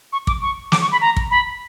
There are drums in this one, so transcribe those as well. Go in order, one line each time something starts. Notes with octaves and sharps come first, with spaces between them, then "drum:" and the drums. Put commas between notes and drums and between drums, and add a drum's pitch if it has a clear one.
C#6
D6, drum: kick
C#6
D6, drum: snare
C#6
B5
A#5
drum: kick
B5